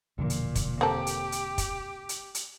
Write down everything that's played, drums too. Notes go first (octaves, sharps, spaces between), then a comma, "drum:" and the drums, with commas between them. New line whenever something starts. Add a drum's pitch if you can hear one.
E1 A#2 D3 F3
drum: hi-hat
drum: kick, hi-hat
A#3 C4 G4 A4
drum: hi-hat
drum: hi-hat
drum: kick, hi-hat
drum: hi-hat
drum: hi-hat